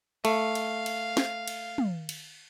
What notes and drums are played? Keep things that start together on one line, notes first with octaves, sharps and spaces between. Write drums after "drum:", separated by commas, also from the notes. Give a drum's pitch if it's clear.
A3 F5, drum: cymbal
drum: cymbal
drum: cymbal
drum: snare
drum: cymbal
drum: tom
drum: cymbal